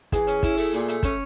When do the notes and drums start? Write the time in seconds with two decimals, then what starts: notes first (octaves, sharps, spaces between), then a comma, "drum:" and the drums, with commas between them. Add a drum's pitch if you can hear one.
0.12 E3 G#4, drum: kick, hi-hat
0.27 C#4, drum: hi-hat
0.43 E4, drum: kick, hi-hat
0.58 A3, drum: open hi-hat
0.73 A#2, drum: hi-hat
0.88 A3, drum: hi-hat
1.03 C#4, drum: kick, hi-hat